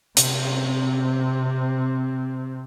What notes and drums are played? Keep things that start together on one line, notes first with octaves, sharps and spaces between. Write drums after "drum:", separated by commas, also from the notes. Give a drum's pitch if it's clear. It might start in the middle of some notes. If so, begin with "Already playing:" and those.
C3 C4, drum: hi-hat